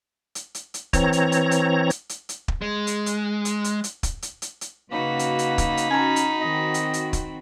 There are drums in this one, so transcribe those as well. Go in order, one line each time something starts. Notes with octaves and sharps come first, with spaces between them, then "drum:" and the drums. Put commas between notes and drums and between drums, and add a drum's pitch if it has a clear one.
drum: hi-hat
drum: hi-hat
drum: hi-hat
E3 C4 C#5 A#5, drum: kick, hi-hat
drum: hi-hat
drum: hi-hat
drum: hi-hat
drum: hi-hat
drum: hi-hat
drum: hi-hat
drum: kick
G#3
drum: hi-hat
drum: hi-hat
drum: hi-hat
drum: hi-hat
drum: hi-hat
drum: kick, hi-hat
drum: hi-hat
drum: hi-hat
drum: hi-hat
C#3 A#3 D#4 F#4 B4 B5
drum: hi-hat
drum: hi-hat
drum: kick, hi-hat
drum: hi-hat
C#4 F#4 G#5 A#5
drum: hi-hat
D#3 C4 F#4 D#5
drum: hi-hat
drum: hi-hat
drum: kick, hi-hat